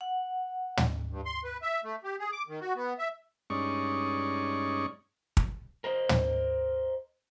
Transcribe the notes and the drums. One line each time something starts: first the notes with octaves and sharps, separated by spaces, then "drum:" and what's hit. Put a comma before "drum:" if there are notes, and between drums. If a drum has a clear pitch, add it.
F#5
drum: tom
G2
C6
B4
E5
A3
G4
G#4
D6
D#3
F#4
B3
E5
G2 G#3 C#4 D#4 D5 C#6
drum: kick
A#4 C5 D#5
drum: tom